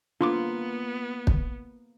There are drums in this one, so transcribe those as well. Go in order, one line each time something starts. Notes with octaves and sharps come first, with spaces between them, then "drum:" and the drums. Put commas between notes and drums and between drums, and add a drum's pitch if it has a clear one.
A#3 B3 D4 F4 C6 D6
drum: kick